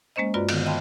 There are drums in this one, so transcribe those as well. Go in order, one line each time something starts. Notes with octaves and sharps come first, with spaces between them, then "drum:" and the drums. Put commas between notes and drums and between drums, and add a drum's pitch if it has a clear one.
G#3 A#3 C#4 C5 D#5
G2 F4 F#4 B4 D5 A#5
D3 D#3 B3, drum: cymbal
D#5 F5 G5 A5 B5 C6